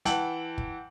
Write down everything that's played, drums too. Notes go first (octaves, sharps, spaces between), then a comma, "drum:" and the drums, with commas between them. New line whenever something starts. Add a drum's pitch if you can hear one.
E3 F#5 G5 A5 F#7, drum: hi-hat
drum: kick